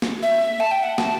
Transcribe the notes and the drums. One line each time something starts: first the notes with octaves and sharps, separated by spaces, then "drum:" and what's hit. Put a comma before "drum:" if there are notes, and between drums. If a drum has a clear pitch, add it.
drum: snare
E5
A5
G5
F#5
A5, drum: snare